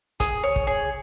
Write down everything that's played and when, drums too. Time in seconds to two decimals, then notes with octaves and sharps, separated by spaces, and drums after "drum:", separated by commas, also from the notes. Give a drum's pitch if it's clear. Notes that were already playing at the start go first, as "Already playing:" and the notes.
0.20 G#4, drum: kick, hi-hat
0.43 C#5
0.56 drum: kick
0.67 G#4